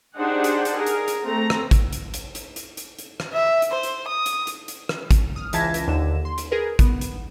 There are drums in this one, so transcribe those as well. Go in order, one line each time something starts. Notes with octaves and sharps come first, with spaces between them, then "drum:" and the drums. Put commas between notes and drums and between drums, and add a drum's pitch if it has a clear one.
D4 D#4 G4 G#4 C5 F#5
drum: hi-hat
drum: hi-hat
G#4 A#4
drum: hi-hat
drum: hi-hat
A3 C4 A#5
drum: rim click
drum: kick A1, hi-hat
drum: hi-hat
drum: hi-hat
drum: hi-hat
drum: hi-hat
drum: hi-hat
drum: hi-hat
drum: rim click
E5
drum: hi-hat
C5
drum: hi-hat
D#6
drum: hi-hat
drum: hi-hat
drum: hi-hat
drum: rim click
drum: kick A1, hi-hat
D#6 F6
C#2 E3 A5 G#6 A#6 B6, drum: hi-hat
drum: hi-hat
D#2 D3 E7
C6
drum: hi-hat
G#4 A#4 B4
B3, drum: kick A1, hi-hat
drum: hi-hat